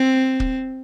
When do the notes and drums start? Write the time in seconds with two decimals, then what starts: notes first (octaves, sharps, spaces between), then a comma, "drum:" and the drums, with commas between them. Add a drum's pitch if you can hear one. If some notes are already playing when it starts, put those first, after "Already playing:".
Already playing: C4
0.40 drum: kick